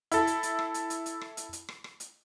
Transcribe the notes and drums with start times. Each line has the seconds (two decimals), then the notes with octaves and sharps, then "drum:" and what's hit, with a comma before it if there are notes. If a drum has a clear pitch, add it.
0.12 E4 A4, drum: hi-hat
0.27 drum: hi-hat
0.43 drum: hi-hat
0.59 drum: rim click
0.74 drum: hi-hat
0.90 drum: hi-hat
1.06 drum: hi-hat
1.21 drum: rim click
1.37 drum: hi-hat
1.53 drum: hi-hat
1.69 drum: rim click
1.84 drum: rim click
2.00 drum: hi-hat